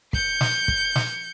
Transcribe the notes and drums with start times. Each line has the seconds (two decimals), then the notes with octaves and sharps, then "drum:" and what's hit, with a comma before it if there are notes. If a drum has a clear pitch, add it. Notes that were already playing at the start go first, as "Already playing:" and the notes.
0.13 G6 C#7, drum: kick
0.41 drum: snare
0.68 drum: kick
0.96 drum: snare